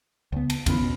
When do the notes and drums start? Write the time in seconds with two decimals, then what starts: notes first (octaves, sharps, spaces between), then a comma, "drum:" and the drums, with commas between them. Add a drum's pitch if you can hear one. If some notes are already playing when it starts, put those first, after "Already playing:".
0.32 C#2 B3
0.50 A5 D7, drum: cymbal
0.66 F2 D3 E3 B3 C#4 B5, drum: kick, cymbal
0.79 G#1 D#2 B2